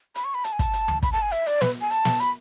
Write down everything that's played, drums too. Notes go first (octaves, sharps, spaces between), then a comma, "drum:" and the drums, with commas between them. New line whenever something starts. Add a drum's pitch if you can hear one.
B5, drum: hi-hat
C#6
B5
A5, drum: hi-hat
G#5
A5, drum: kick, hi-hat
drum: hi-hat
drum: tom D2
B5, drum: kick, hi-hat
A5
G#5
E5, drum: hi-hat
D5, drum: hi-hat
B4, drum: snare
G#5
A5, drum: hi-hat
drum: snare
B5, drum: hi-hat